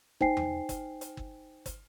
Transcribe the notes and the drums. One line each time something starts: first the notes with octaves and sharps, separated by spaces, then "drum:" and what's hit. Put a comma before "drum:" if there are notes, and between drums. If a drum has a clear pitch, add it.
D#4 C5 G5 G#5 C7, drum: kick
drum: tom E2
drum: kick, hi-hat
drum: hi-hat
drum: kick
drum: kick, hi-hat